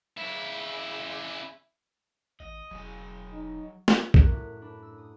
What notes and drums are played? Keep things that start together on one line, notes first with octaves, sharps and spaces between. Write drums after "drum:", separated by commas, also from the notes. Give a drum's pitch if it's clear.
C#3 E4
A1 D#5
E1 F#3 G#4
D#4
drum: snare
F#2 A#2 G3 F#4 F#6 B6, drum: kick B1
A2
D4 B4
E6
D#6